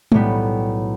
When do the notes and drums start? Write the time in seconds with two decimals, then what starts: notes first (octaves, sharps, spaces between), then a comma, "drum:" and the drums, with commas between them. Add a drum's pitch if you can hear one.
0.12 B1 A2 G3 B3, drum: tom G#3